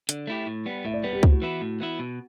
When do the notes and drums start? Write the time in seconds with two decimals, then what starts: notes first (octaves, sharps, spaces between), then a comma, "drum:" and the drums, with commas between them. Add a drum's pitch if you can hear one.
0.09 D3, drum: hi-hat
0.27 A3 E4 G4
0.46 A2
0.66 G3 B3
0.85 A2 E5
0.94 D5
1.04 G3 B3 B4
1.13 G4
1.23 A2 F#4, drum: kick
1.42 E3 B3 E4
1.61 A2
1.80 E3 B3 E4
1.99 B2